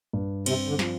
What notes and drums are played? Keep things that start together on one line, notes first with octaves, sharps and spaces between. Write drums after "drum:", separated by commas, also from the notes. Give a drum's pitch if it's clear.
G2
C3 C4, drum: cymbal
D3
F3, drum: snare